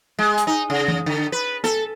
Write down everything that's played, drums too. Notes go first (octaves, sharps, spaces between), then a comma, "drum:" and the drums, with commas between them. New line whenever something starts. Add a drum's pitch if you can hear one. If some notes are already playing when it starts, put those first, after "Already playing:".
G#3
drum: hi-hat
D#4
C#3
drum: tom E3
D3
B4
A4, drum: snare